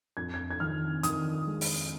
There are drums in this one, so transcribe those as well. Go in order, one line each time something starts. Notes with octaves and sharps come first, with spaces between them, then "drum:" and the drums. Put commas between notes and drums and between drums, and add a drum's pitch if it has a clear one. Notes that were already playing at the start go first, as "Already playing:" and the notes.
F2 G#6
G#6
G#6
D#3 F6
D#3 D#6, drum: hi-hat
G#3
drum: open hi-hat